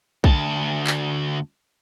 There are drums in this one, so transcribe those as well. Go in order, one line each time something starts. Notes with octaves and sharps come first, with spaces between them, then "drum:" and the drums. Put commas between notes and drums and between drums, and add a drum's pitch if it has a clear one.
D2 A5, drum: kick
drum: clap